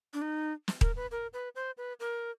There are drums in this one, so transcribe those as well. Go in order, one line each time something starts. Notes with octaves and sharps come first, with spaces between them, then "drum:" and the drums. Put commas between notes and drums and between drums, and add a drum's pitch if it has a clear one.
D4
D#4
drum: snare
A#4, drum: kick D#1
B4
A#4
B4
C5
B4
A#4